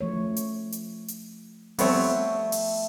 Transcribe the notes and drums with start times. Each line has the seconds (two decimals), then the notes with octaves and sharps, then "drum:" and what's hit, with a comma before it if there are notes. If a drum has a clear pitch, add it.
0.01 F3 A3 C#5
0.36 drum: hi-hat
0.72 drum: hi-hat
1.08 drum: hi-hat
1.79 F3 G3 A3 B3 C4 C#5, drum: open hi-hat
2.52 drum: open hi-hat